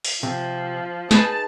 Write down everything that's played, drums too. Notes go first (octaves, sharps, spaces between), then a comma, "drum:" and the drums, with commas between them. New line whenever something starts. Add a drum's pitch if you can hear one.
drum: open hi-hat
C3 F3
D#4 G#4 B4 A5, drum: snare